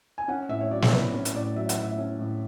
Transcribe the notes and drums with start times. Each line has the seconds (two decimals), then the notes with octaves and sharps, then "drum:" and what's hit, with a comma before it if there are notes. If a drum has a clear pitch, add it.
0.18 G#5
0.28 C#4 F#5
0.49 A2 E5
0.61 C#5
0.71 F#3 D5
0.82 C#5, drum: snare
0.92 A2 B4
1.14 C#4 C#5
1.25 drum: hi-hat
1.34 A2 D5
1.56 F#3 E5
1.69 F#5, drum: hi-hat
1.77 A2 E5
1.98 C#4
2.19 A2